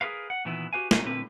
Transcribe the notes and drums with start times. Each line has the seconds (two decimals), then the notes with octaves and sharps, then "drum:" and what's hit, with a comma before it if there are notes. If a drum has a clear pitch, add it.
0.01 G#4 A#4 B4 F5
0.30 F#5
0.45 A#2 D#3 E3 B3 E4
0.73 F#4 G4 B4 F5 G#5
0.91 B2 F#3 D#4 D#5 F5 G#5, drum: snare
1.05 A#2 D3 C4 B4